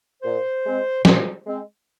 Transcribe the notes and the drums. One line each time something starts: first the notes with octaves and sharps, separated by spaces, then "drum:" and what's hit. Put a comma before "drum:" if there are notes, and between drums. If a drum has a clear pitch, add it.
A#2 C5
G#3 C4
A#2, drum: snare
G#3 C4